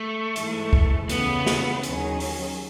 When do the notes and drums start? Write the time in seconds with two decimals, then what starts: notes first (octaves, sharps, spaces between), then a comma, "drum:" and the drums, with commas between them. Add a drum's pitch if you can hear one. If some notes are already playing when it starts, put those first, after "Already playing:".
Already playing: A3
0.36 G#2 E3 G#3, drum: hi-hat
0.73 drum: kick
1.09 E2 C#3 E3 A3 B3, drum: hi-hat
1.46 drum: snare
1.83 D#2 D#3 F#3 C#4 G#4, drum: hi-hat
2.20 drum: open hi-hat